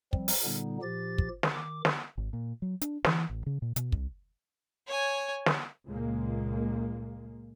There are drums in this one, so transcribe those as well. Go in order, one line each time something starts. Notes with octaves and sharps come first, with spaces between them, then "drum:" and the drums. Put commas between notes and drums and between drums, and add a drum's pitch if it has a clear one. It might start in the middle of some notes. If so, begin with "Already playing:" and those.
F3 G3 C4, drum: kick
drum: open hi-hat
A#2 D3 G3 B3 D#4
A#2 F3 G4 A6
drum: kick
drum: snare
D#3 D6
drum: snare
G#1
A#2
F#3
D4, drum: hi-hat
E3, drum: snare
A1
C#3
A#2
B2, drum: hi-hat
C2, drum: kick
C#5 G#5
drum: snare
C#2 A#2 G#3 A#3